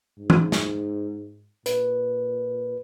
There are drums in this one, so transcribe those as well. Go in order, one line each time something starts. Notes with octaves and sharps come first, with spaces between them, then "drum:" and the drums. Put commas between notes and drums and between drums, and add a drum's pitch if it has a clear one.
G#2
drum: tom E3
drum: snare
A#2 B4, drum: hi-hat